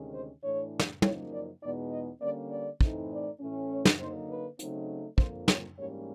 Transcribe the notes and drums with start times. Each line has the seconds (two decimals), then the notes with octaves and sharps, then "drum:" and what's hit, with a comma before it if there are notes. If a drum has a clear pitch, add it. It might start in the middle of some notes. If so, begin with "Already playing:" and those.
Already playing: D2 C3 D#3 G#3 C#4
0.13 C5
0.43 A2 E3 A3 D4 C#5
0.80 drum: snare
1.02 F#2 C#3 F3 A#3 D#4 C#5, drum: tom
1.33 D5
1.62 E2 B2 G#3 B3 D#4 D5
1.92 D#5
2.21 D3 G3 A#3 C#4 D5
2.51 D5
2.81 A2 E3 A3 C4 D#4, drum: kick
3.11 D5
3.40 A2 E3 A3 C#4
3.70 C#5
3.85 drum: snare
3.99 D3 F#3 A#3 D#4 C5
4.29 B4
4.59 C#3 F#3 A3 C4 D#4, drum: hi-hat
5.18 F2 D3 F3 A#3 C5, drum: kick
5.48 C#5, drum: snare
5.78 G#2 E3 G3 A#3 C#4 C#5